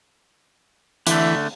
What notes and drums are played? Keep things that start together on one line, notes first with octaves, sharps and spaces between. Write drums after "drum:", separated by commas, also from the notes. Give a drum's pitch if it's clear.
D3 E3 A3, drum: hi-hat